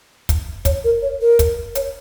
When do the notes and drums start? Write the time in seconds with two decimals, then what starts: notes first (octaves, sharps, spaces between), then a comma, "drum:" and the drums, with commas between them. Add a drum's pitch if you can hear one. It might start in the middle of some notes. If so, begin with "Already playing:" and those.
0.29 drum: kick, hi-hat
0.65 C#5, drum: kick, hi-hat
0.84 A#4
1.02 C#5
1.21 A#4
1.39 drum: kick, hi-hat
1.75 C#5, drum: hi-hat